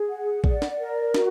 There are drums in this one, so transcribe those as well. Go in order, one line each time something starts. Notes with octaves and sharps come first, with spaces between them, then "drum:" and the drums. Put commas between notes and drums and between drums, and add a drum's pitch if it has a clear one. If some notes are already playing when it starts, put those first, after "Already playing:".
Already playing: G#4
F#5
D5, drum: kick A1
drum: snare
A#4
F#4, drum: snare